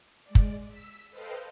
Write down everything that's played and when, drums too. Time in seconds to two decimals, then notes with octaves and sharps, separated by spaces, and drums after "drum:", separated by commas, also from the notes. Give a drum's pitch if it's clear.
0.25 G#3 D5
0.35 drum: kick
0.66 E6 B6
1.10 A4 B4 C5 D#5 F5 G5